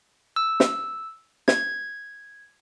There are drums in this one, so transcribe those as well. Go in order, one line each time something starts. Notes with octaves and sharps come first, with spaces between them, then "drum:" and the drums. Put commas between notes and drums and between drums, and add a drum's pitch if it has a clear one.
E6
drum: snare
G#6, drum: snare